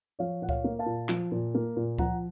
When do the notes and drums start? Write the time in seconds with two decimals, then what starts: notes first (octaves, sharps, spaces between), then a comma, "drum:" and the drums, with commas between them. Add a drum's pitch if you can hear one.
0.19 F3 C#5 F5
0.42 A#2 F#5
0.49 C#5 F5, drum: kick C#2
0.64 A#3
0.79 F5 A5
0.86 A#2
1.09 F3, drum: clap
1.32 A#2
1.55 A#3
1.77 A#2
1.98 F3 F#5 A#5, drum: kick C#2